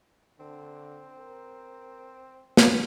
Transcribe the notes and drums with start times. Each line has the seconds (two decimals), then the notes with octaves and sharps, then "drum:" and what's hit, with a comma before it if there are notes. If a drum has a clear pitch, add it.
0.39 D3 C4
1.19 A#4
2.57 drum: snare